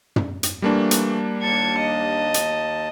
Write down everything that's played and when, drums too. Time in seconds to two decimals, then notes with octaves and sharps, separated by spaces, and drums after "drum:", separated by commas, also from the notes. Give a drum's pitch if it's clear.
0.16 drum: tom
0.43 drum: hi-hat
0.62 E3 G3 A3 A#3 D4
0.91 drum: hi-hat
1.42 D#2 A5 G#6 C#7
1.78 D#5
2.34 drum: hi-hat